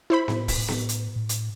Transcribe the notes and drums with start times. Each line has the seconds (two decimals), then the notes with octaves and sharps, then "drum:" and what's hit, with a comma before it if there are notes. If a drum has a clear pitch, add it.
0.10 E4 C5 B5
0.28 A2, drum: snare B3
0.48 drum: kick, open hi-hat
0.57 A2
0.68 drum: snare B3
0.89 drum: hi-hat
1.16 A2
1.29 drum: hi-hat